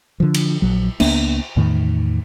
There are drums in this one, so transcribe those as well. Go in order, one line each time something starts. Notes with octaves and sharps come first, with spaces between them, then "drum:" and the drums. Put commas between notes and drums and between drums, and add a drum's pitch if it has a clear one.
D3 F3
drum: cymbal
A#1 F#3
C#2 A#3 B3 D4, drum: cymbal
E2 A2 D#3